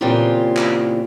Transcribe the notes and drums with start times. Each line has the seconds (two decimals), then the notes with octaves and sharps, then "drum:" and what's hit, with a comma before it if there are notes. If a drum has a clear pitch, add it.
0.01 A#2 C#3 E3 C4 F4 G4
0.57 drum: clap